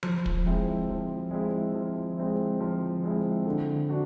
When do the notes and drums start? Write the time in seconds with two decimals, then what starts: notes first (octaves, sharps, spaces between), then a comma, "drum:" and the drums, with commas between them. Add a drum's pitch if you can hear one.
0.03 F3, drum: tom F3
0.26 drum: kick
0.46 G#3 C4 E4
0.89 F3
1.31 G#3 C4 E4
1.75 F3
2.18 G#3 C4 E4
2.60 F3
3.03 G#3 C4 E4
3.45 D3
3.89 D4 F#4